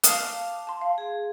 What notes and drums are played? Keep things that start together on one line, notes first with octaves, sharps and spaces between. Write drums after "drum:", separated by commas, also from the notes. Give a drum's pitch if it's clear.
F5 A5 D6 D#6 F6 C7, drum: hi-hat
A5 C6
F5
G#4